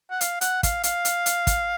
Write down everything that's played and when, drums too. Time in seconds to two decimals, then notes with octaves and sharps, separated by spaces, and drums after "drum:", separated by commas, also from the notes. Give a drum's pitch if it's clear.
0.11 F#5
0.21 F5, drum: hi-hat
0.41 F#5, drum: hi-hat
0.63 F5, drum: kick, hi-hat
0.83 F5, drum: hi-hat
1.05 drum: hi-hat
1.26 drum: hi-hat
1.47 drum: kick, hi-hat